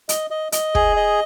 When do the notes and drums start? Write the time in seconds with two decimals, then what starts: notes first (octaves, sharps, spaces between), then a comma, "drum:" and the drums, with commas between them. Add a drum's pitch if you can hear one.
0.09 D#5, drum: hi-hat
0.30 D#5
0.52 D#5, drum: hi-hat
0.75 G#4, drum: kick
0.96 D#5